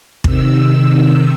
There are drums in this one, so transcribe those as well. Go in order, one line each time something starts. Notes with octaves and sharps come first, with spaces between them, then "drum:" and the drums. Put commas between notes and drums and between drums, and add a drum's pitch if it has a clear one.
C3 D#3 E6, drum: kick